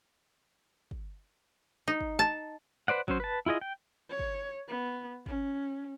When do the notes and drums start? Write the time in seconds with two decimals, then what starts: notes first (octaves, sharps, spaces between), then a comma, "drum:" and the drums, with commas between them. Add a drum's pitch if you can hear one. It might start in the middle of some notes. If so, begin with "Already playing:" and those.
0.91 drum: kick
1.88 D#4
2.01 drum: kick
2.19 A5
2.88 B4 C5 D5 F#5
3.08 F#3 C#4 C5, drum: kick
3.20 B4 A5
3.46 E4 F4 G#4 D#5
3.61 G5
4.10 C#5
4.19 drum: kick
4.68 B3
5.26 C#4, drum: kick